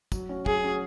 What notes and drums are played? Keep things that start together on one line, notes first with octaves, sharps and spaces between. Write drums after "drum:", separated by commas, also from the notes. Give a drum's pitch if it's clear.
F#3, drum: kick, tambourine
C#4 F#4
F#3 G#4, drum: kick
C#4 F#4